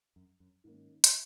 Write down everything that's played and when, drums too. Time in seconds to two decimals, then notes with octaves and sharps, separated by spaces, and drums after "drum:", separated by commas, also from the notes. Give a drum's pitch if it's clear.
0.16 F#2
0.40 F#2
0.64 G#2 D#3 A#3 C#4
1.04 drum: hi-hat